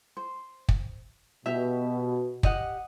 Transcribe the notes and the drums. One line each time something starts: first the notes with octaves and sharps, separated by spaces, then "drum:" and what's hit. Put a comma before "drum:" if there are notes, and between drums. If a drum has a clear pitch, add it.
C5
drum: kick
B2 G4 E5
G4 D#5 F#5, drum: kick